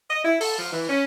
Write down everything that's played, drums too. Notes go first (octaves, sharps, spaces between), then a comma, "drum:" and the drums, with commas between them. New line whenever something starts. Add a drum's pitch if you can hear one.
D#5
E4
A4, drum: open hi-hat
F3
E3
C#4